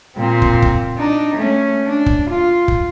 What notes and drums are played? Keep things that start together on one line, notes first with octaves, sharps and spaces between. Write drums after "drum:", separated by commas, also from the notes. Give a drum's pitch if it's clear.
A#2 C4
drum: kick
drum: kick
D4 D#4
A3 C#4
D4
drum: kick
F4
drum: kick